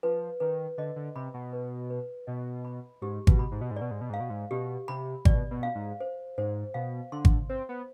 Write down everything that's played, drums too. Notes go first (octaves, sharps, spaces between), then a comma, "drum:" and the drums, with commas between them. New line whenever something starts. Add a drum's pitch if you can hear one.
F3 B4
D#3 B4
D3 D#5
D3
C3 B5
B2
B4
B4
B2 D#5
B5
G#2 G4
B2, drum: kick G#1
B5
G#2
B2
G#2
B2 D5
G#2
B2
G#2 F5
B2
G#2
B2 G4
C3 B5
B2 D5, drum: kick G#1
B2
F5
G#2
C5
G#2 C5
B2 F5
D3 C6
drum: kick G#1
C4 C5
B3